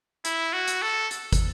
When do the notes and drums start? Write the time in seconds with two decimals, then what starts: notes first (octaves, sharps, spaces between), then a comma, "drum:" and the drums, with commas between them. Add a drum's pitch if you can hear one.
0.25 E4, drum: hi-hat
0.53 F#4
0.68 drum: hi-hat
0.82 A4
1.11 drum: hi-hat
1.33 drum: kick, hi-hat